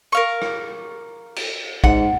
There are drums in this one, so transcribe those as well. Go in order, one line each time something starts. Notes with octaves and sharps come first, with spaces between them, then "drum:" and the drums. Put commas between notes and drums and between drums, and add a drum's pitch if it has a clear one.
A#4 F5 C#6
drum: rim click
drum: cymbal
G#2 F#5, drum: kick